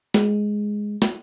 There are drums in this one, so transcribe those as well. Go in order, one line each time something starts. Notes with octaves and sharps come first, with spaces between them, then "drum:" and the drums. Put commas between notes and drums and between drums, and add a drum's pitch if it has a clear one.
G#3, drum: snare
drum: snare